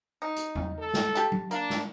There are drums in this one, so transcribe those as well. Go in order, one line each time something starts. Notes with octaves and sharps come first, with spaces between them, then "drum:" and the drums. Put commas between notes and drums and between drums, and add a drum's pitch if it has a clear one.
D#4
drum: hi-hat
drum: tom E2
A4
drum: snare
G4 A5, drum: hi-hat
drum: tom F#3
A#3 D4, drum: hi-hat
drum: snare